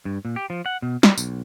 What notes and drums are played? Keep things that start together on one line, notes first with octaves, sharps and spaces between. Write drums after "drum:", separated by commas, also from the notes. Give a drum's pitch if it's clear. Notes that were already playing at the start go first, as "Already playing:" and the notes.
G2
A#2
G4
F3
F#5
B2
G3, drum: snare
B1, drum: tambourine